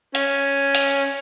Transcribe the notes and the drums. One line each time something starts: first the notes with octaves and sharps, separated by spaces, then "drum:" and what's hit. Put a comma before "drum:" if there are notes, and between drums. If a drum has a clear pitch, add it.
C#4, drum: hi-hat
drum: hi-hat